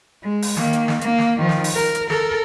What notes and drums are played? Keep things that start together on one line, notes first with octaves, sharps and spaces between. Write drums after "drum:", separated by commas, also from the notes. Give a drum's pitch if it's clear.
G#3
drum: open hi-hat
D#3 A#3, drum: snare
drum: hi-hat
drum: snare
A#3, drum: hi-hat
drum: snare
D#3 F3
drum: snare
drum: open hi-hat
A#4
drum: hi-hat
A4 A#4, drum: snare